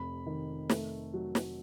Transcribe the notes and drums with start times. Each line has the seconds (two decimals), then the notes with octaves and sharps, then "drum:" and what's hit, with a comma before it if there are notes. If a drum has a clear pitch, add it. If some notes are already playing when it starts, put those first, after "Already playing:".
Already playing: F1 B5
0.27 D#3
0.70 A3, drum: snare
1.14 F#3
1.35 drum: snare